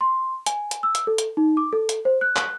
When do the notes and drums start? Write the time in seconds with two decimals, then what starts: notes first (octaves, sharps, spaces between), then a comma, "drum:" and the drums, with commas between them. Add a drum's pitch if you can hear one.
0.01 C6
0.46 G#5, drum: hi-hat
0.71 drum: hi-hat
0.83 E6
0.95 drum: hi-hat
1.07 A4
1.18 drum: hi-hat
1.37 D#4
1.57 D6
1.73 A4
1.89 drum: hi-hat
2.05 C5
2.21 F#6
2.36 drum: clap